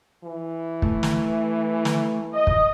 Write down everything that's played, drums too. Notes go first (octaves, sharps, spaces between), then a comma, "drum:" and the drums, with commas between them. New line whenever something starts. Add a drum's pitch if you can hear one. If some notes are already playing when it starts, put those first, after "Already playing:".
E3
A3, drum: kick
drum: snare
drum: snare
D#5
drum: kick